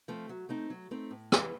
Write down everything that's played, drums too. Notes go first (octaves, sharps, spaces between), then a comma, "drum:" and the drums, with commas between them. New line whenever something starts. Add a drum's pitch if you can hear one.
F3 A3 C4
F#3
A3 C4 D#4
F#3
A3 C4 D#4
A2
E3 G#3, drum: rim click